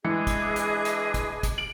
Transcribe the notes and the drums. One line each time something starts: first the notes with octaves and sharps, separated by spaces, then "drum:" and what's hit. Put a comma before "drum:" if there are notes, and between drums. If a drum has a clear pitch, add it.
E3 G#3 D4 G#4 D#5 C#7
drum: kick, hi-hat
drum: hi-hat
drum: hi-hat
drum: kick, hi-hat
drum: kick, hi-hat
D7 F#7